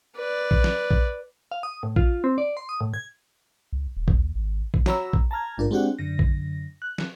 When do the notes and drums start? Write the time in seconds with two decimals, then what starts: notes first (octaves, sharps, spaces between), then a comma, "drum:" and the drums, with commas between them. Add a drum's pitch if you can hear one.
0.16 B4 D5
0.51 drum: kick A#1
0.64 drum: snare
0.91 drum: kick A#1
1.51 F5
1.63 D#6
1.83 A2
1.96 F4, drum: kick A#1
2.24 C4
2.38 D5
2.57 C6
2.69 D#6
2.81 A2
2.94 G#6
3.73 C#2
3.97 D#1
4.08 drum: kick A#1
4.17 D#2
4.35 G#1
4.74 drum: kick A#1
4.86 F#4 C#5 A#5 B5 E6, drum: snare
5.13 drum: kick A#1
5.31 A5 A#5 F6 G#6
5.57 A1 G#2 D4 F4 A#4
5.71 G#3 C4 D4 F#4 G4 F#5
5.99 F#2 D3 A#6
6.19 drum: kick A#1
6.82 F#6
6.98 drum: snare